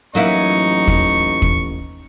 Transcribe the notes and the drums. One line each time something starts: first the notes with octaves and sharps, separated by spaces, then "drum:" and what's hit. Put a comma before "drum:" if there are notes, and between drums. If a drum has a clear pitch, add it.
A1 F#3 A#3 D#4 E4 C#6
drum: kick
drum: kick